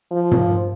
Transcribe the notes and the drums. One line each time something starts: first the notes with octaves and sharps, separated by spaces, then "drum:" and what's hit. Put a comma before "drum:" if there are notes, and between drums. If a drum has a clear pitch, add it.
F3
drum: tom